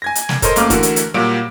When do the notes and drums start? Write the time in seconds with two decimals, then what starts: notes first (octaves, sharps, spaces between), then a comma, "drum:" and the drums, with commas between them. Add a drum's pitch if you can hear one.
0.02 G#5 G#6 A#6
0.15 drum: hi-hat
0.29 drum: snare
0.42 A4 A#4 C5 C#5 D#5 C6, drum: kick, hi-hat
0.56 F#2 A3 A#3 F5 D6 F6, drum: hi-hat
0.70 D3 E3 A3 F#4 A#4, drum: kick, hi-hat
0.83 drum: hi-hat
0.96 drum: hi-hat
1.14 A#2 F#3 G3 F#4 F5 D7